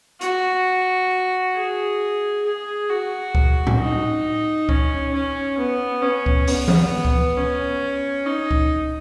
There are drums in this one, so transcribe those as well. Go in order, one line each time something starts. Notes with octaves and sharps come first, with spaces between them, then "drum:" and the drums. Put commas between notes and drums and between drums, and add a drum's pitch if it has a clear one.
F#4, drum: hi-hat
G#4
G#4
F#4
drum: kick C#2
drum: tom A2
D#4
C#4, drum: kick C#2
C#4
B3
C#4
drum: kick C#2
B3, drum: open hi-hat
drum: tom E3
drum: kick C#2
C#4
D#4
drum: kick C#2